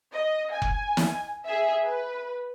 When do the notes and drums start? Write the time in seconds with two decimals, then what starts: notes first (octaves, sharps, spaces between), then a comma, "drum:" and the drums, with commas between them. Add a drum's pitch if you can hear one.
0.13 D#5
0.52 G#5
0.62 drum: kick F1
0.97 drum: snare
1.45 G#4 E5
1.85 B4